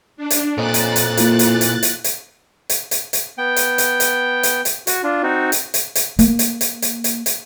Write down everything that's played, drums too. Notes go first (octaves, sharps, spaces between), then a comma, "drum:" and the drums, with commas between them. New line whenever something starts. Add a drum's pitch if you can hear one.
D4
drum: hi-hat
F2 A#2 C#5 D#5 F#6 A6
drum: hi-hat
drum: hi-hat
A#3 E4 F4, drum: hi-hat
drum: hi-hat
drum: hi-hat
drum: hi-hat
drum: hi-hat
drum: hi-hat
drum: hi-hat
drum: hi-hat
B3 G5
drum: hi-hat
drum: hi-hat
drum: hi-hat
drum: hi-hat
drum: hi-hat
F#4, drum: hi-hat
D4 F4
C4 D#4 F#4
drum: hi-hat
drum: hi-hat
drum: hi-hat
A#3, drum: hi-hat
drum: hi-hat
drum: hi-hat
drum: hi-hat
drum: hi-hat
drum: hi-hat